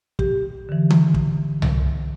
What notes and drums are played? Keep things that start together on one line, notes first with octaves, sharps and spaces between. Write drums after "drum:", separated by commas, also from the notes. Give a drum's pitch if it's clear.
G4, drum: kick
D3 E3
drum: tom D#3
drum: kick
drum: tom C2